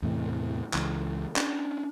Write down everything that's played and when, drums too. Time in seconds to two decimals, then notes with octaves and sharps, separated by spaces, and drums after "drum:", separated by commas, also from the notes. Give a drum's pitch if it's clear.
0.02 E2 A2 C3 E3
0.74 C#2 E3, drum: clap
1.36 C#4 D4, drum: clap